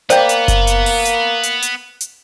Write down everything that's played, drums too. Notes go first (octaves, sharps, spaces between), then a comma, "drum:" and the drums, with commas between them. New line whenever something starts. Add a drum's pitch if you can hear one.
A#3 B3 B4 C5 D5 G5, drum: hi-hat
drum: hi-hat
drum: kick F#1, hi-hat
drum: hi-hat
drum: open hi-hat
drum: hi-hat
drum: hi-hat
drum: hi-hat
drum: hi-hat